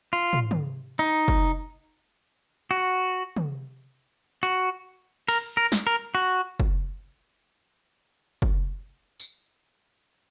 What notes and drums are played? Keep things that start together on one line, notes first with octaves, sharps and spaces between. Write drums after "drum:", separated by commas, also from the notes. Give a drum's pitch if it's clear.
F4
drum: tom
drum: tom
D#4
drum: kick
F#4
drum: tom
F#4, drum: hi-hat
A#4, drum: cymbal
A#4
drum: snare
A#4, drum: hi-hat
F#4
drum: kick
drum: kick
drum: tambourine